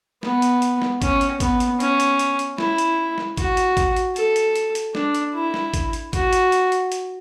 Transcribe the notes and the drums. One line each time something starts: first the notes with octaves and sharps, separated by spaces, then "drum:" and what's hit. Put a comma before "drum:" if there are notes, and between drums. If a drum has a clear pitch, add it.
B3, drum: snare
drum: hi-hat
drum: hi-hat
drum: snare
C#4, drum: kick, hi-hat
drum: hi-hat
B3, drum: kick, hi-hat
drum: hi-hat
C#4, drum: hi-hat
drum: hi-hat
drum: hi-hat
drum: hi-hat
E4, drum: snare
drum: hi-hat
drum: snare
F#4, drum: kick, hi-hat
drum: hi-hat
drum: kick, hi-hat
drum: hi-hat
A4, drum: hi-hat
drum: hi-hat
drum: hi-hat
drum: hi-hat
D4, drum: snare
drum: hi-hat
E4
drum: snare
drum: kick, hi-hat
drum: hi-hat
F#4, drum: kick, hi-hat
drum: hi-hat
drum: hi-hat
drum: hi-hat
drum: hi-hat